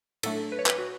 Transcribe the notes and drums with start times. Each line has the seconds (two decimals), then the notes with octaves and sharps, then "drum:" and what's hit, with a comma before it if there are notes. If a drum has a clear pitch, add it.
0.23 A2 F#3 A3 D4 A4, drum: cymbal
0.52 B4
0.59 C#5
0.66 B4, drum: clap
0.78 F#4